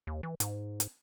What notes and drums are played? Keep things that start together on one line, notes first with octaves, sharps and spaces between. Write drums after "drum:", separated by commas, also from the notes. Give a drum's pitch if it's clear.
D#2
E3
G#2, drum: hi-hat
drum: hi-hat